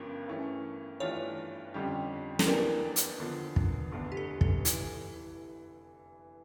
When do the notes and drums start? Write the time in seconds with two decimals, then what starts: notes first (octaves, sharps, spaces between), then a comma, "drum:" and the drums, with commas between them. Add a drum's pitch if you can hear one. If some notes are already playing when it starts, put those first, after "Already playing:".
Already playing: G1 G2 F3 C#4 A#4
0.27 G2 E3 A3 C#4
1.00 G2 E3 A3 D4 F4 C#5
1.74 F2 D3 G3 C#4 G4
2.39 A4, drum: snare
2.46 E2 E3 A#3 D4 G4 A#4
2.96 drum: hi-hat
3.20 E2 D3 F3
3.56 drum: kick
3.92 F1 E2 D3
4.12 G4
4.17 A4
4.41 A4, drum: kick
4.65 E3 E4, drum: hi-hat